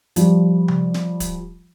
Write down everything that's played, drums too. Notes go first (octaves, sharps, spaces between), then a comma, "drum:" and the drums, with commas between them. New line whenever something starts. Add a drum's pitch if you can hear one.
F3 G3, drum: hi-hat
drum: tom C3
drum: snare
drum: kick, hi-hat